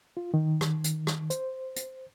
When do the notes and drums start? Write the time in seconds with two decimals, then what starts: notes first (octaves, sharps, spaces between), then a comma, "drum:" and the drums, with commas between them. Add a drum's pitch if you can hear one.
0.17 F4
0.34 D#3
0.61 drum: rim click
0.84 drum: hi-hat
1.07 drum: rim click
1.30 C5, drum: hi-hat
1.76 drum: hi-hat